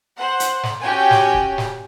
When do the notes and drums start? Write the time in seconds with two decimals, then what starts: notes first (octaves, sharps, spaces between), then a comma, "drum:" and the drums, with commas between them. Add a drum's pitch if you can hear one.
0.16 C5 F#5
0.40 drum: hi-hat
0.63 drum: snare
0.82 C#4 F#4 G4 C#5 G5 G#5
1.11 drum: snare
1.34 drum: kick
1.58 drum: snare